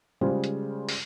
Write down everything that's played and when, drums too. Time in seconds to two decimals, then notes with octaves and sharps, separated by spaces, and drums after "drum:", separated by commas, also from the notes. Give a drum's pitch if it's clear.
0.21 C#3 G3 G#3 F4 G#4 C5
0.44 drum: hi-hat
0.89 drum: open hi-hat